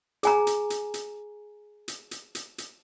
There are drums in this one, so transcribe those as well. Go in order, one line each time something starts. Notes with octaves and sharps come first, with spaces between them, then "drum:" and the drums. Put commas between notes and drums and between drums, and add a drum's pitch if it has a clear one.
G#4 G#5 A#5, drum: hi-hat
drum: hi-hat
drum: hi-hat
drum: hi-hat
drum: hi-hat
drum: hi-hat
drum: hi-hat
drum: hi-hat